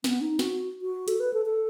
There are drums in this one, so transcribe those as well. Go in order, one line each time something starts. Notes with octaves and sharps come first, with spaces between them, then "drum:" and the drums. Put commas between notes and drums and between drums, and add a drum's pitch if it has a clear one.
B3, drum: snare
D#4
F#4, drum: snare
F#4
A4, drum: hi-hat
B4
A4
A4